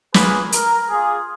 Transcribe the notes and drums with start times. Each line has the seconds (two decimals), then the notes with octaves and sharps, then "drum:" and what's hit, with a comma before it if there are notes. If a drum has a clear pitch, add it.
0.14 A#3 C#4 F4 G#4 B4, drum: snare
0.52 A#4, drum: hi-hat
0.89 A#3 F4 G#4